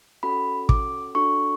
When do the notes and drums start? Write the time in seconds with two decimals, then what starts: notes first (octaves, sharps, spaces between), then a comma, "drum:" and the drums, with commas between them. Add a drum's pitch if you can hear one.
0.23 C#4 F#4 A4 B5
0.69 D6, drum: kick
1.15 D4 F#4 A4 C#6